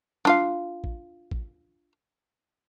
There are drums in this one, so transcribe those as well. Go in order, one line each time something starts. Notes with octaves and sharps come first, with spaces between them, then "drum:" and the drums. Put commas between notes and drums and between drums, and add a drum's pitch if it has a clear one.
D4 F4 F5, drum: snare
drum: kick A1
drum: kick A1